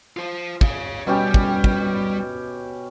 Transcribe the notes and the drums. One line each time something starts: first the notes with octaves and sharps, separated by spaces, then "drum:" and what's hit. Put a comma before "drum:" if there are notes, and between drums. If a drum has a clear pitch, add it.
F4 C5
C#5 F5, drum: kick
B2 G3 C#4 G4
drum: kick
G5, drum: kick